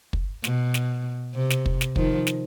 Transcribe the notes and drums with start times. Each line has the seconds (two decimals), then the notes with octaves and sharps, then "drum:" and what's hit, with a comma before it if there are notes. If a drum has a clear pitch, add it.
0.13 drum: kick
0.44 B2, drum: snare
0.74 drum: snare
1.35 C3
1.50 drum: snare
1.66 drum: kick
1.81 drum: snare
1.96 D#3 F3, drum: kick
2.27 drum: snare